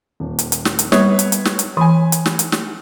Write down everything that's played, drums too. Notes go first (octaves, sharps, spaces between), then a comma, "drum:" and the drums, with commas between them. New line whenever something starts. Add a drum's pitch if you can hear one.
D#1
drum: hi-hat
drum: hi-hat
drum: snare
drum: hi-hat
G3 B3 B4 C#5, drum: snare
drum: hi-hat
drum: hi-hat
drum: snare
drum: hi-hat
E3 G#5 B5 D#6
drum: hi-hat
drum: snare
drum: hi-hat
drum: snare